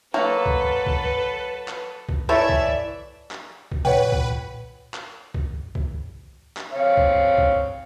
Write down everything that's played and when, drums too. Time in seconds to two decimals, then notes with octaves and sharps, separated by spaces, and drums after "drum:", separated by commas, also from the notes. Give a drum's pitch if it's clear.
0.14 F#3 A#3 A4 B4
0.46 drum: kick
0.86 drum: kick
1.68 drum: clap
2.09 drum: kick
2.29 E3 A4 C#5 D5 E5
2.49 drum: kick
3.31 drum: clap
3.72 drum: kick
3.85 A#2 B4 C#5 F#5 G5
4.12 drum: kick
4.94 drum: clap
5.34 drum: kick
5.75 drum: kick
6.57 drum: clap
6.72 C4 C#5 F5
6.97 drum: kick
7.38 drum: kick